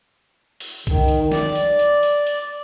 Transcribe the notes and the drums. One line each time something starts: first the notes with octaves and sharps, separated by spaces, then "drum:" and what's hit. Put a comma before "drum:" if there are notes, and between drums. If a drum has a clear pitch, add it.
drum: open hi-hat
D#3, drum: kick B1, hi-hat
drum: hi-hat
D5, drum: snare
drum: hi-hat
drum: hi-hat
drum: hi-hat
drum: hi-hat